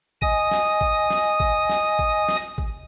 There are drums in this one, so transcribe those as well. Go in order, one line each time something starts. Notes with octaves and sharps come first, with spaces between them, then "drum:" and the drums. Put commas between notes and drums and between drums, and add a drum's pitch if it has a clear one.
D#5 G#5 D#6, drum: kick
drum: snare
drum: kick
drum: snare
drum: kick
drum: snare
drum: kick
drum: snare
drum: kick